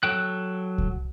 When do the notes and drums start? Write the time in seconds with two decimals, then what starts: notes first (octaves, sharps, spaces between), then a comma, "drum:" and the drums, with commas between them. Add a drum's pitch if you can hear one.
0.03 F#3 A4 G5 F#6
0.78 drum: kick C2